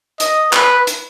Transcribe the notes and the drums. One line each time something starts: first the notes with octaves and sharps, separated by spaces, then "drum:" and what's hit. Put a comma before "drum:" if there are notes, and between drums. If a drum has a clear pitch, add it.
D#5, drum: hi-hat
B4, drum: clap
drum: hi-hat